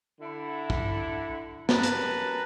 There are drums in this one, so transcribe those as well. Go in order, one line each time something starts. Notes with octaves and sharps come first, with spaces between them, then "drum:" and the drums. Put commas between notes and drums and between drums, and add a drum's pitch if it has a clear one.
D3 E4
drum: kick
F#2 G3 B4 A5 A#5, drum: snare
drum: hi-hat